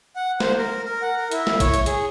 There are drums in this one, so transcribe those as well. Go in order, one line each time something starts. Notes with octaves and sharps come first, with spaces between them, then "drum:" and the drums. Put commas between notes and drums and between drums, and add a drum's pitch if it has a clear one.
F#5
C5, drum: snare
A#4
A#4
F#5
A#4
E4, drum: hi-hat
drum: snare
C#5, drum: kick A1, hi-hat
drum: hi-hat
G#4, drum: hi-hat